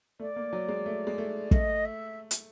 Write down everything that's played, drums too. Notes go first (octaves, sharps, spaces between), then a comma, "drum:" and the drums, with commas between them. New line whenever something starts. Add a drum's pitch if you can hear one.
A3 D5
A#3
F#3
G#3
A3
G#3
A3
A3 D#5, drum: kick
E5
drum: hi-hat